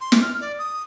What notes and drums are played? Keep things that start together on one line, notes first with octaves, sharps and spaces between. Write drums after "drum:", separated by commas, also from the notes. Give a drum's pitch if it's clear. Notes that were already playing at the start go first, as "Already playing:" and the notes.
C6
drum: snare
F6
D5
D#6